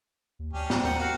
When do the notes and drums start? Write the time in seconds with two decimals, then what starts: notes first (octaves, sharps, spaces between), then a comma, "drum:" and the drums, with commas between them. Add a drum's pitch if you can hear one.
0.39 D#2
0.53 D2 C#4 D4 G4
0.70 A2, drum: snare
0.84 D#2 A#4 F#5 G5
0.99 F#4 F5